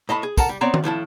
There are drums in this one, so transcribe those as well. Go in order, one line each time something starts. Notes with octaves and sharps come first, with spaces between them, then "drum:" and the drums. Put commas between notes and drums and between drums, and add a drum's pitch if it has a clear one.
A2 D#5 A5 B5
G#4
A4 A#4 F#5 A5 A#5, drum: kick, tambourine
G3
B3 C4 C#5 D5 G5 A#5
drum: tom D#3
A2 F3 E4 A5